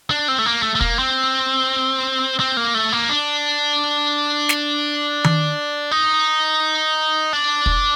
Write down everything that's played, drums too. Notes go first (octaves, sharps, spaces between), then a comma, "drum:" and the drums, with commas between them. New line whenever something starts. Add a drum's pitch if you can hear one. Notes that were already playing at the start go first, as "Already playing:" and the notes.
D4
C4
A3
A#3
A3
A3
A#3, drum: kick
C4
C4
A#3
A3
A#3
D4
drum: snare
drum: tom D#3
D#4
D4
drum: kick